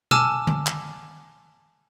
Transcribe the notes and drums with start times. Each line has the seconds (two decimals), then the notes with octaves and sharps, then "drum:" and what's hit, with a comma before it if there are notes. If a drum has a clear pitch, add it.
0.11 G#5 A5 D6 E6 F6 E7, drum: tom B2
0.47 drum: tom D3
0.67 drum: clap